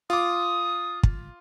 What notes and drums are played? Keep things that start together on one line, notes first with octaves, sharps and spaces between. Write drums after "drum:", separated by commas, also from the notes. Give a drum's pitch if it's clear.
F4 D6 D#6
drum: kick